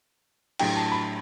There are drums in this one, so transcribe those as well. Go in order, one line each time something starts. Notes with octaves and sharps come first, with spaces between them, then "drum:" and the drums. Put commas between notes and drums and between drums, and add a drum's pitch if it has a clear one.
A2 F#3 A3 D4 G4 G5, drum: cymbal
A5
B5